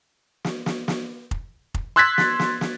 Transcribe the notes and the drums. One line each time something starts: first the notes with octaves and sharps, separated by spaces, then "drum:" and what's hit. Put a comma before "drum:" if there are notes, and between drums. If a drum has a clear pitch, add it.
drum: snare
drum: snare
drum: snare
drum: kick F1
drum: kick F1
C6 E6 F#6 G#6 A6 B6
drum: snare
drum: snare
drum: snare